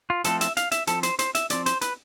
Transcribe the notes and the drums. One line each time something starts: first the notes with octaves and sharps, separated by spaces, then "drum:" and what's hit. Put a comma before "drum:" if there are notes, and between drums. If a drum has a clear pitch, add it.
F4
F3 A3 C4 A4, drum: hi-hat
E5, drum: hi-hat
F5, drum: hi-hat
E5, drum: hi-hat
F3 C4 A4, drum: hi-hat
C5, drum: hi-hat
C5, drum: hi-hat
E5, drum: hi-hat
F3 C4 D5, drum: hi-hat
C5, drum: hi-hat
B4, drum: hi-hat